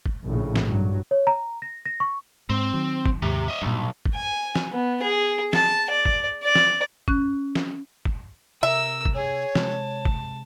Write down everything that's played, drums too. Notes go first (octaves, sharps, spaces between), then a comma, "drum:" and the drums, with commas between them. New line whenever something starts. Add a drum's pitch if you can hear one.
drum: kick
A#1 A2 C#3
drum: snare
G2 F#3
C#5
A#5
A#6
A#6
C#6
G#2 C4
D#3 F#3
drum: kick
D#2 G#2 C3
D#5 E5
B1 G2 A#2
drum: kick
G#5
drum: snare
B3
G#4
A5, drum: snare
D5
drum: kick
D5
drum: snare
C#4 F#6, drum: kick
drum: snare
drum: kick
C3 A#4 E5 E6
drum: kick
G#4 C#5
C3 G#3 A5, drum: snare
drum: kick